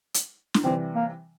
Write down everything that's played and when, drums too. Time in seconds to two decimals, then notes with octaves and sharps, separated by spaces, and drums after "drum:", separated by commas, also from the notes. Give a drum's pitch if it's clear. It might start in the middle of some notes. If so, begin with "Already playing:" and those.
0.14 drum: hi-hat
0.54 drum: snare
0.64 C3 E3 G3 C4
0.95 A#3